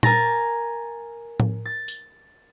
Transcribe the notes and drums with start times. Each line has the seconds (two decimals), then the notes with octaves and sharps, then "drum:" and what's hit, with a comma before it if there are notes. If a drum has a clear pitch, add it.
0.03 A#4 G#5 A#5 A6 A#6, drum: tom A#2
1.40 drum: tom A2
1.65 A6
1.88 drum: tambourine